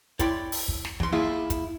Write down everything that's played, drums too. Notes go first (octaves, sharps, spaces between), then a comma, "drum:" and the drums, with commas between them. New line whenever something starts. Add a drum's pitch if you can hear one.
E4 C#5 D5 G5 B5 C6, drum: kick, hi-hat
drum: open hi-hat
drum: kick
drum: snare
E3 C6, drum: kick
A#3 E4 F4 G#4 E5
drum: kick, hi-hat